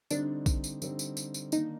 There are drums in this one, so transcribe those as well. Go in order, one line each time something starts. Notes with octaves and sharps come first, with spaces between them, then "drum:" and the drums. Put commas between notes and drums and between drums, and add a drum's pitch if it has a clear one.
D3 G3 C4 D4 D#4, drum: tambourine
drum: kick A#1, tambourine
drum: tambourine
D3 G3 C4 D#4, drum: tambourine
drum: tambourine
drum: tambourine
drum: tambourine
D#3 A#3 D4 D#4, drum: tambourine